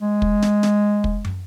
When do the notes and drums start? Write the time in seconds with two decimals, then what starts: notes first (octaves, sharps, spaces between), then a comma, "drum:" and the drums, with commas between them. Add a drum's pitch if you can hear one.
0.01 G#3
0.22 drum: kick
0.42 drum: snare
0.63 drum: snare
1.04 drum: kick
1.25 drum: tom